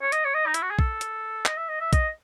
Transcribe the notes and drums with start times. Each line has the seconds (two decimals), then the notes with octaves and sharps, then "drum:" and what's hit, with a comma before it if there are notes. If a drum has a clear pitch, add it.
0.02 C#5
0.12 D#5, drum: hi-hat
0.25 C#5
0.35 D#5
0.47 D#4
0.54 E4, drum: hi-hat
0.62 F#4
0.70 G#4
0.79 A4, drum: kick
1.01 drum: hi-hat
1.46 D#5, drum: clap
1.57 E5
1.68 D#5
1.80 E5
1.93 D#5, drum: kick, hi-hat